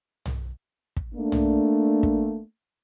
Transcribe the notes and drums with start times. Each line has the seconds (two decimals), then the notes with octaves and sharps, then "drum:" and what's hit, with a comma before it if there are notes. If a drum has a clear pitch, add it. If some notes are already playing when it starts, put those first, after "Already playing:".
0.26 drum: tom
0.97 drum: kick
1.14 A3 A#3 D4
1.32 drum: tom
2.03 drum: kick